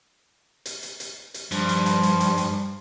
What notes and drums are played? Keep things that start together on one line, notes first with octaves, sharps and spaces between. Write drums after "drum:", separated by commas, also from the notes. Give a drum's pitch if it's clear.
drum: hi-hat
drum: hi-hat
drum: hi-hat
drum: hi-hat
G2 F3, drum: hi-hat
drum: hi-hat
drum: hi-hat
drum: hi-hat
drum: hi-hat
drum: hi-hat